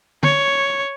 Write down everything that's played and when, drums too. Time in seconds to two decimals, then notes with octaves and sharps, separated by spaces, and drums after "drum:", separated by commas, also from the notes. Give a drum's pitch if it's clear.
0.23 C#5, drum: tom